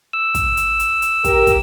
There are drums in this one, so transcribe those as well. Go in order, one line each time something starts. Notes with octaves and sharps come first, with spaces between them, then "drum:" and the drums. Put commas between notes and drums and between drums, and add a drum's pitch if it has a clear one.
E6
drum: kick, hi-hat
drum: hi-hat
drum: hi-hat
drum: hi-hat
G4 A#4, drum: kick, hi-hat
drum: kick, hi-hat